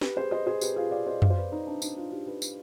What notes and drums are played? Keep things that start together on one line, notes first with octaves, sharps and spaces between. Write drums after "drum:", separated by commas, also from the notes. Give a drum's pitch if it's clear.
G4 B4, drum: snare
G#4 C5
C5 D#5
G#4 C5
G4 B4, drum: tambourine
F4 G#4
D5 F5
C5 D#5
D5 F5, drum: tom F#2
C5
B4 D5
D#4
D4
D#4, drum: tambourine
D4 F4
D#4 G4
G4 B4
drum: tambourine